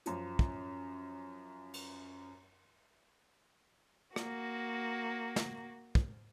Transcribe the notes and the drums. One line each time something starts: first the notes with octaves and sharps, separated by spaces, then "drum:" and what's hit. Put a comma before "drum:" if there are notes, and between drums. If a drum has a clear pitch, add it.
F#2 F3, drum: hi-hat
drum: kick
drum: cymbal
A#3 F#4, drum: rim click
drum: snare
drum: kick